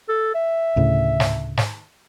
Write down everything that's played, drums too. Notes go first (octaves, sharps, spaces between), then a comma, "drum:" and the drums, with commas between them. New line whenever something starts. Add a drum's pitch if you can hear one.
A4
E5
D2 A2 C#3
drum: snare
drum: snare